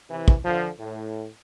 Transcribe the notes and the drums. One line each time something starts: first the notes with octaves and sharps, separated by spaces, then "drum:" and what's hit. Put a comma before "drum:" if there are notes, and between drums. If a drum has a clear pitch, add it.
C3 E3
drum: kick
D3 F3
A2